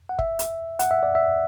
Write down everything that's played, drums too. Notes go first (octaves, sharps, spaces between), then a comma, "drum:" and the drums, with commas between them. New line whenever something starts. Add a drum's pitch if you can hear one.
F#5
E5, drum: kick
drum: hi-hat
F#5, drum: hi-hat
E5
D5
E5